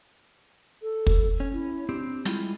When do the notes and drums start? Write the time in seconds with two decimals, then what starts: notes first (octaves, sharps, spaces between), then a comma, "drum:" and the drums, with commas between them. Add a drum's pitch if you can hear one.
0.83 A4
1.07 drum: kick
1.40 C#4
1.53 E4
1.89 C4 D4 G4
2.25 G3 G#3 E4 F4, drum: hi-hat